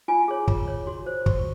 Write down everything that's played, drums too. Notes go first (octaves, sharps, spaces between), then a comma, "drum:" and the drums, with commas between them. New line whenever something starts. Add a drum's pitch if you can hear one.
F4 G#5
G#4 C#5
F4 A#5, drum: kick
G#4 C#5
F#4 C6
C5
F#4 C#6, drum: kick